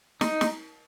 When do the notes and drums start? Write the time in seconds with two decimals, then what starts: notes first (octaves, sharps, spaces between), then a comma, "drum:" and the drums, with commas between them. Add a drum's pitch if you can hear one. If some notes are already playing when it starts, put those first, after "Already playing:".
0.21 D#4, drum: snare
0.41 drum: snare